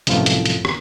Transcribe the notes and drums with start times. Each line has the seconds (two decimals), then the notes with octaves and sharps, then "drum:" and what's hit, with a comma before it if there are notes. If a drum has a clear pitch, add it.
0.07 C2 F#2 A2 F3 F4, drum: hi-hat
0.26 drum: hi-hat
0.46 drum: hi-hat
0.65 drum: rim click